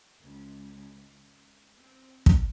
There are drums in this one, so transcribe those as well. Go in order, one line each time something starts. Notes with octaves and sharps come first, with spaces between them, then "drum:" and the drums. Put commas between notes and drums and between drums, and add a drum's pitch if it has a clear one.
C#2
C4
drum: kick